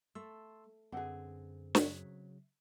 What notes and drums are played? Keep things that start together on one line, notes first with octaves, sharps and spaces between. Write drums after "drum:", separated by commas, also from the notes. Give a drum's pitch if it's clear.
A3 A5 C6 E6
F#2 D3 C4 G#4 B4 D#5 F#5
C#3 F#3 E5, drum: snare